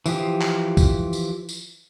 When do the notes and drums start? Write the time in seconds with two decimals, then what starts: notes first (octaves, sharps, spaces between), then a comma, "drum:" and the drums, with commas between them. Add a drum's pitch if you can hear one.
0.06 E3 F3 G4 D#6, drum: tambourine
0.41 drum: clap
0.77 drum: kick, tambourine
1.13 drum: tambourine
1.49 drum: tambourine